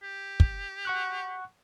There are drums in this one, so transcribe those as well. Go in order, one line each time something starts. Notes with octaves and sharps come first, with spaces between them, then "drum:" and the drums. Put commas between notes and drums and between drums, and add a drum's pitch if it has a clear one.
G4
drum: kick
F#5 C#6 F#6